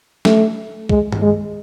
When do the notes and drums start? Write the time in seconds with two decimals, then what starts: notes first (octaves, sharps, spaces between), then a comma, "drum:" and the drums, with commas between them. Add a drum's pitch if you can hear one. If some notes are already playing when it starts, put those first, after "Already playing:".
0.25 A3, drum: snare
0.89 G#3, drum: kick C2
1.12 drum: tom G2
1.22 G#3